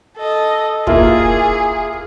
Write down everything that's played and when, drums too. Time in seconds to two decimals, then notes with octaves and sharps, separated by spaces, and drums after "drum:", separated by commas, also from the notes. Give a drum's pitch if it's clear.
0.17 A4 D#5
0.87 A#3 E4 F4 G#4, drum: kick